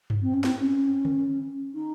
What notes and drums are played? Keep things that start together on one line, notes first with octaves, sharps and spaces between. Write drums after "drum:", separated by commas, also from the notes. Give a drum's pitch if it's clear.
drum: tom G2
C4
C#4
C4, drum: snare
C#4
drum: tom D3
D#4